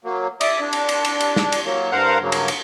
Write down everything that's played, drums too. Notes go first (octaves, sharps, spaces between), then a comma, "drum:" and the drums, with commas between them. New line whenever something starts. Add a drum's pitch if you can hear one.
F#3 A#3
D5 E5 D6 D#6, drum: cymbal
D4
drum: cymbal
drum: cymbal
drum: cymbal
drum: cymbal
drum: snare
drum: cymbal
F#3 A#3
G2 A#4 C5 F5 F#5 A#5
G2 C#3 F#3 A#3
drum: cymbal
drum: cymbal